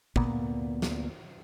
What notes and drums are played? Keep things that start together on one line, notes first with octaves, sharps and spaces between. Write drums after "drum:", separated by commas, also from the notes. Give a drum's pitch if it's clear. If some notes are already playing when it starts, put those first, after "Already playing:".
D2 A#2 A#3 B3, drum: kick
drum: snare